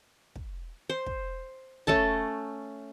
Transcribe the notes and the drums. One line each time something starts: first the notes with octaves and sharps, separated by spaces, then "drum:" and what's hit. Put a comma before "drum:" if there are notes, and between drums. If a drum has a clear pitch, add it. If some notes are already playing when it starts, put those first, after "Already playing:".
drum: kick
C5
drum: kick
A3 C#4 A4 A5, drum: kick